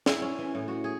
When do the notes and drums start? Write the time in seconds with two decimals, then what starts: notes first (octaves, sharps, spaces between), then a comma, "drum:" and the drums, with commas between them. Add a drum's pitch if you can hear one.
0.06 E4, drum: snare
0.22 C#4
0.38 E3
0.55 A2
0.68 F#4
0.84 G#4